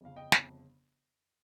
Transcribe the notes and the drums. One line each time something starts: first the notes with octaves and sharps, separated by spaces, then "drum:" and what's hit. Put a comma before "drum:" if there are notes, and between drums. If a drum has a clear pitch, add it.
G1 F2 C#3 F5
D#5 G5
G1 F2 C#3, drum: snare